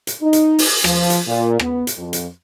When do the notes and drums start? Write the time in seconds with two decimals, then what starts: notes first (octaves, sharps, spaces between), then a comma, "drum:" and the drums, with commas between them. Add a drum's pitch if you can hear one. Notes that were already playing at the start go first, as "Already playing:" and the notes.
0.07 drum: hi-hat
0.22 D#4
0.33 drum: hi-hat
0.59 drum: open hi-hat
0.84 F3, drum: rim click
1.10 drum: hi-hat
1.27 A#2
1.59 B3, drum: rim click
1.87 drum: hi-hat
1.96 F2
2.13 drum: hi-hat